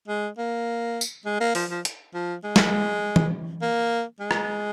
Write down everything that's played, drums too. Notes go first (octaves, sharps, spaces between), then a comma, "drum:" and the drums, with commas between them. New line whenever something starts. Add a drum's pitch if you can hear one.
G#3
A#3
drum: tambourine
G#3
A#3
F3, drum: open hi-hat
F3
drum: hi-hat
F3
G#3
drum: snare
drum: tom
A#3
G#3
drum: rim click